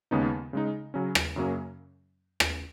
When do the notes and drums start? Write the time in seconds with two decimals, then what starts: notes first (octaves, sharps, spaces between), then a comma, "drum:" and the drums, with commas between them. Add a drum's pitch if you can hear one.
0.11 D#2 C#3 G#3 B3 D#4
0.53 C#3 G#3 D#4
0.94 C#3 F#3 C#4
1.15 drum: rim click
1.36 F#2 C#3 F#3 A#3 C#4
2.40 drum: rim click